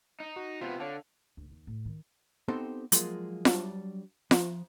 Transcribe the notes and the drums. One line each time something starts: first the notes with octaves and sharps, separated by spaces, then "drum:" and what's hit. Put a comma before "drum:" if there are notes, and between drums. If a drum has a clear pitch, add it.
D#4
F#4
C3 B3 C4 F4
D3 C#5 F5 A5
D2
D#2
A2
D#3
B3 C4 D#4 G4 A4 C5
F3 F#3 G#3 A#3 F4 G#4, drum: hi-hat
F#3 G3 D4, drum: snare F4
F3, drum: snare F4